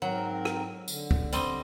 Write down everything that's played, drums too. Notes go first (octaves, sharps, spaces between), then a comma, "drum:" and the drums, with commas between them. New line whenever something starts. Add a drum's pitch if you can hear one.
G#2 F#3 C4 A#4
drum: rim click
D3, drum: tambourine
drum: kick
G3 C4 D#5, drum: tambourine